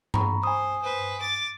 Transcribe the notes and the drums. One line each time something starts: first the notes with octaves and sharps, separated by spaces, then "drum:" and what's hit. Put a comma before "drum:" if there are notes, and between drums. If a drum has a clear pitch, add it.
A#5 B5 C#6, drum: tom G2
C5 G#5 D#6
B4 C5
D6 A6